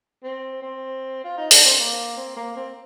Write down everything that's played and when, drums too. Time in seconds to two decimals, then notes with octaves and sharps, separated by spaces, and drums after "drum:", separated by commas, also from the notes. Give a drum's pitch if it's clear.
0.23 C4
0.62 C4
1.24 F4
1.37 D#4
1.51 D4, drum: open hi-hat
1.64 C4
1.79 A#3
2.17 C4
2.36 A#3
2.56 C4